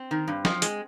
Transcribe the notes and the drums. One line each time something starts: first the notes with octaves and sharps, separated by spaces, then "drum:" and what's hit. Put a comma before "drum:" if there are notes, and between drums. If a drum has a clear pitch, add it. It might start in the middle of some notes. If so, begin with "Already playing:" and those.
Already playing: C4
D#3
G2
F3, drum: snare F3
G#3, drum: hi-hat